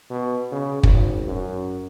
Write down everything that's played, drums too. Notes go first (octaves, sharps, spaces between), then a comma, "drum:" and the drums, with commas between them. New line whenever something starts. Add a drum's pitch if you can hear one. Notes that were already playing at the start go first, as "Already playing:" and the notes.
B2
C#3
G#1, drum: kick
F#2